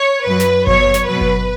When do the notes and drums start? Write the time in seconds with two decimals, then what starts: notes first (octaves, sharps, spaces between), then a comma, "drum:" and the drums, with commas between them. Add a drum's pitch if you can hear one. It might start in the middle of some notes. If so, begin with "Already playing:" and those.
Already playing: C#5
0.26 F#2 F#3 B4
0.40 drum: snare
0.67 B2 F#3 C#5, drum: kick G1
0.94 drum: snare
1.08 B2 F#3 B4
1.21 drum: kick G1